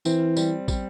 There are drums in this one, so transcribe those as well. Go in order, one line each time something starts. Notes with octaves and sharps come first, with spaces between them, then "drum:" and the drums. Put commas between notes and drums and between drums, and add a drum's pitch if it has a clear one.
E3 C4, drum: tambourine
G3, drum: tambourine
G3, drum: kick, tambourine